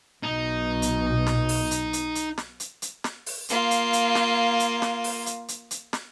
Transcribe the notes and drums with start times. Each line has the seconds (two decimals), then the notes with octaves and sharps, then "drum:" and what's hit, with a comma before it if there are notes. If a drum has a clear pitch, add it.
0.23 B1 B2 D#4
0.82 drum: hi-hat
1.26 drum: snare
1.49 drum: open hi-hat
1.71 drum: hi-hat
1.93 drum: hi-hat
2.15 drum: hi-hat
2.38 drum: snare
2.60 drum: hi-hat
2.82 drum: hi-hat
3.04 drum: snare
3.26 drum: open hi-hat
3.49 A#3 F4, drum: hi-hat
3.71 drum: hi-hat
3.93 drum: hi-hat
4.15 drum: snare
4.60 drum: hi-hat
4.82 drum: snare
5.04 drum: open hi-hat
5.26 drum: hi-hat
5.48 drum: hi-hat
5.71 drum: hi-hat
5.93 drum: snare